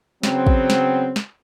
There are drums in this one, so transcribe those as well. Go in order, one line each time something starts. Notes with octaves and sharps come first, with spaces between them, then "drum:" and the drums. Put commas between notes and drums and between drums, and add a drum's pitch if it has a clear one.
C#3 F#3 B3 C4, drum: snare
drum: kick
drum: snare
drum: snare